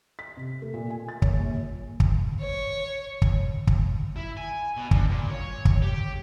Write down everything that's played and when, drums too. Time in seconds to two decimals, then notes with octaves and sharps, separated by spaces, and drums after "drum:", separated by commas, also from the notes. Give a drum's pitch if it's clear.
0.19 B6
0.37 C3
0.62 A3
0.74 A#2
0.90 G#5
1.09 A6
1.22 C#5, drum: kick
1.39 A#1
2.00 drum: kick
2.41 C#5
3.22 drum: kick
3.67 drum: kick
4.16 E4
4.37 G#5
4.76 B2
4.91 G2, drum: kick
5.10 A#2
5.30 C#5
5.65 drum: kick
5.82 G4